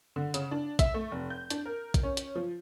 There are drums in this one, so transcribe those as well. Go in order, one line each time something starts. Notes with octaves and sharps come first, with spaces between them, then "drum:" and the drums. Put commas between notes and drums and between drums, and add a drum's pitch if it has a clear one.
D3
C#3, drum: hi-hat
D4
E5, drum: kick, hi-hat
A3
F1
G6
D4, drum: hi-hat
A#4
drum: kick, hi-hat
C#4
drum: hi-hat
F3